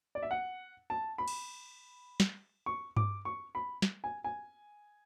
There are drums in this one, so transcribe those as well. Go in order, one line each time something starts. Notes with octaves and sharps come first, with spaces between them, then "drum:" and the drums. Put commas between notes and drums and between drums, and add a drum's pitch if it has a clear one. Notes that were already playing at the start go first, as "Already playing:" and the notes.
D5
E5
F#5
A5
B5
drum: cymbal
drum: snare
C#6
D6, drum: tom G2
C#6
B5
drum: snare
G#5
G#5